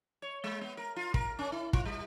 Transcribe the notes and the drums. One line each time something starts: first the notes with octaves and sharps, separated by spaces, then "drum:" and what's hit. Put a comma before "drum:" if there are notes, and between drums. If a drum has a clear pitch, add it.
C#5
G#3
B3
A#4
F4
A#4, drum: kick
C#4
E4
F4, drum: kick
G3